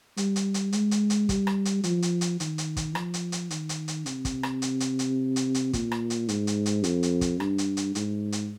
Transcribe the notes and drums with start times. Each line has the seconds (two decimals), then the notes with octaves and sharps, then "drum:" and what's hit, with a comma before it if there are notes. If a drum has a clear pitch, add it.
0.17 G3, drum: hi-hat
0.36 drum: hi-hat
0.54 drum: hi-hat
0.72 G#3, drum: hi-hat
0.91 drum: hi-hat
1.10 drum: hi-hat
1.29 G3, drum: kick, hi-hat
1.47 drum: rim click
1.65 drum: hi-hat
1.84 F3, drum: hi-hat
2.02 drum: hi-hat
2.21 drum: hi-hat
2.40 D#3, drum: hi-hat
2.58 drum: hi-hat
2.77 drum: kick, hi-hat
2.95 F3, drum: rim click
3.14 drum: hi-hat
3.32 drum: hi-hat
3.50 D#3, drum: hi-hat
3.69 drum: hi-hat
3.88 drum: hi-hat
4.06 C3, drum: hi-hat
4.25 drum: kick, hi-hat
4.43 drum: rim click
4.62 drum: hi-hat
4.80 drum: hi-hat
4.99 drum: hi-hat
5.36 drum: hi-hat
5.54 drum: hi-hat
5.73 A#2, drum: kick, hi-hat
5.92 drum: rim click
6.10 drum: hi-hat
6.29 G#2, drum: hi-hat
6.47 drum: hi-hat
6.66 drum: hi-hat
6.84 F2, drum: hi-hat
7.03 drum: hi-hat
7.21 drum: kick, hi-hat
7.40 G2, drum: rim click
7.58 drum: hi-hat
7.77 drum: hi-hat
7.95 G#2, drum: hi-hat
8.32 drum: hi-hat